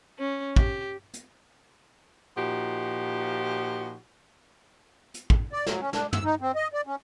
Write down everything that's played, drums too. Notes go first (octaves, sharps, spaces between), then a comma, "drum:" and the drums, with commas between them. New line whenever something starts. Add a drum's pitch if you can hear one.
C#4
G4, drum: kick
drum: hi-hat
A#2 F3 D#4 F#4 G4
drum: hi-hat
drum: kick
D5
F#3, drum: snare
C#4
D4, drum: snare
E6, drum: tom
D#4
C4
D#5
D5
C#4